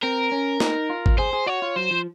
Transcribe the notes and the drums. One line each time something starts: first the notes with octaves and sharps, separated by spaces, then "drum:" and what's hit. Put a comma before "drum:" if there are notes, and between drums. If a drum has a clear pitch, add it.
C4 A#4
C#4
D#4, drum: snare
F4
drum: kick G#1
G#4 C5
G#4
F#4 C#5
F4
F#3 C5
F3